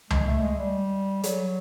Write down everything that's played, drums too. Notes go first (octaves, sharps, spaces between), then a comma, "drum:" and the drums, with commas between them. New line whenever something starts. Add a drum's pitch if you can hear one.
G#3, drum: tom C#2
A3
G#3
G3
F#3, drum: hi-hat